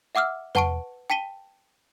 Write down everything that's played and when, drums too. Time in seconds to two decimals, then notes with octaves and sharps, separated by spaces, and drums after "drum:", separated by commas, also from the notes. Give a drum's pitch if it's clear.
0.15 E5 F#5 D6 E6 F6
0.55 B4 F#5 A5 C#6 D7, drum: tom E2
1.10 G5 A5 B6 D#7 G7